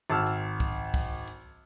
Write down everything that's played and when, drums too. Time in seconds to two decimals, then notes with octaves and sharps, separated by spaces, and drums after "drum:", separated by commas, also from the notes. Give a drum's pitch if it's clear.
0.10 G#1 A5 E6 F6
0.26 drum: hi-hat
0.60 drum: kick, open hi-hat
0.94 drum: kick, open hi-hat
1.28 drum: hi-hat